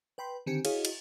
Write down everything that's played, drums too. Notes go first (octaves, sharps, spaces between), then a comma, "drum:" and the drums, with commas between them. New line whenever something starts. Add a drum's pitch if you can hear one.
B4 G5 B5 C6
D3 D#3 C4 G4 G#5 C#7
E4 F#4 G#4 C#5 D#5 F5, drum: cymbal
drum: cymbal